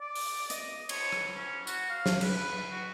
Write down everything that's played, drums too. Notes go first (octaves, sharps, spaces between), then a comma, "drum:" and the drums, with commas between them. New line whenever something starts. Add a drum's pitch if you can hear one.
D5
drum: open hi-hat
D#5, drum: hi-hat
C#5, drum: cymbal
drum: rim click
C#4
F#4, drum: tambourine
F5
drum: snare
B4, drum: cymbal
F#4